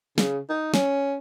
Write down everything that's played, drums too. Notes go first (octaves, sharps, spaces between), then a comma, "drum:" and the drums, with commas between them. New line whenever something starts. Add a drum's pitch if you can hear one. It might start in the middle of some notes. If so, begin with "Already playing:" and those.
C#3, drum: snare
D#4
C#4, drum: snare